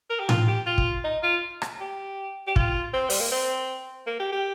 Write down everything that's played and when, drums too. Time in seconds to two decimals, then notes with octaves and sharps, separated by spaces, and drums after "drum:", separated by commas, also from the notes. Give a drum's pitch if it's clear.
0.10 A#4
0.20 G4
0.29 F4, drum: tom A2
0.48 G4
0.67 F4
0.78 drum: kick
1.04 D#4
1.23 F4
1.62 drum: rim click
1.80 G4
2.47 G4
2.56 F4, drum: kick
2.94 C4
3.10 G3, drum: open hi-hat
3.20 A#3
3.32 C4
4.07 A#3
4.20 G4
4.32 G4